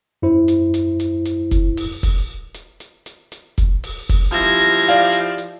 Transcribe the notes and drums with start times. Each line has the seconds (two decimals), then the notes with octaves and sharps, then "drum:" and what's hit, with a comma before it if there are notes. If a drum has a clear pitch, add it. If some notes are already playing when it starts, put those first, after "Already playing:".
0.22 F#2 E4 C5
0.48 drum: hi-hat
0.74 drum: hi-hat
1.00 drum: hi-hat
1.26 drum: hi-hat
1.51 drum: kick, hi-hat
1.77 drum: open hi-hat
2.03 drum: kick, open hi-hat
2.55 drum: hi-hat
2.80 drum: hi-hat
3.06 drum: hi-hat
3.32 drum: hi-hat
3.58 drum: kick, hi-hat
3.84 drum: open hi-hat
4.09 drum: kick, open hi-hat
4.33 F3 E4 G4 G#6 A#6
4.61 drum: hi-hat
4.88 D5 F5, drum: hi-hat
5.13 drum: hi-hat
5.38 drum: hi-hat